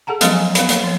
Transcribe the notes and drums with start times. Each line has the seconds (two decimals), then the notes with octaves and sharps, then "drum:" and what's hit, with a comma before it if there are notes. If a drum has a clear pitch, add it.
0.07 G#4 A4 F#5 A5 A#5
0.21 F3 F#3 G#3 B3 F5, drum: hi-hat
0.33 G#5
0.55 B3 F5 B5, drum: hi-hat
0.69 A#3 C#5, drum: hi-hat
0.84 F3 C#5